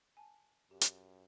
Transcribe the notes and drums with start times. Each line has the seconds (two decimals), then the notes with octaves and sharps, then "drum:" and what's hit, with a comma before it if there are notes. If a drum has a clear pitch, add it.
0.17 G#5 A5
0.71 F#2 G4
0.81 drum: hi-hat